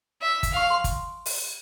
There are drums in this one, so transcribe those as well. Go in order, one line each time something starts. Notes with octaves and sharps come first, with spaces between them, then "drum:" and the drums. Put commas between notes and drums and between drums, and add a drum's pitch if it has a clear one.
E5
drum: kick G1, hi-hat
F5 C#6
C6
drum: kick G1, hi-hat
drum: open hi-hat